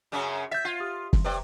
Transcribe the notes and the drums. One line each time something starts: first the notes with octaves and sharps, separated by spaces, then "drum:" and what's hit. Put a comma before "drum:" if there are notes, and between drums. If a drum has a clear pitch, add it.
F#2 C#3 C#4
E5 G6 A6 B6
F4 G#6 C7
G4 D#6
drum: kick
C3 B4 D5 G5 A#5